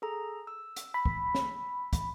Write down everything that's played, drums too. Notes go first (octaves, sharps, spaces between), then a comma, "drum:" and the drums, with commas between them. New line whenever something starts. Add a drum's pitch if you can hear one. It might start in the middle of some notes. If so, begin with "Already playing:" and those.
G#4 A4 A#5
E6
drum: hi-hat
B5
drum: kick
drum: snare
drum: kick, hi-hat